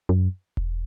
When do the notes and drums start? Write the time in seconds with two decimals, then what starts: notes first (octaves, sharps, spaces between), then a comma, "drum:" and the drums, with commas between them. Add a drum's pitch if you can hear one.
0.09 F#2
0.57 drum: kick E1